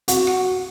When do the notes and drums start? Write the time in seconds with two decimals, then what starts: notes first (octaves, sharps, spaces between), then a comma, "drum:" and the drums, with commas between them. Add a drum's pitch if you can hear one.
0.08 F#4, drum: hi-hat
0.27 drum: rim click